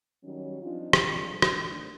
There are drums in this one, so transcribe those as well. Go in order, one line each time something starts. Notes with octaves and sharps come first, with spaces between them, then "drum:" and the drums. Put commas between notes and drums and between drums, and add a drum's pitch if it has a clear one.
D#3 F#3 G3 C#4
F3 C4 D4 D#4 F4
drum: rim click
D3 F3 G3 G#3 C4 F4
drum: rim click
D#2 D3 A3